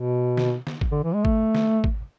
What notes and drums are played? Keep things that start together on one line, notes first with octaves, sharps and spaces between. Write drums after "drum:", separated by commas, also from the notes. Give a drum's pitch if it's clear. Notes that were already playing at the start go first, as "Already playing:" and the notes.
Already playing: B2
drum: snare
drum: snare
drum: kick G#1
D3
E3
G#3
A3, drum: kick G#1
drum: snare
drum: kick G#1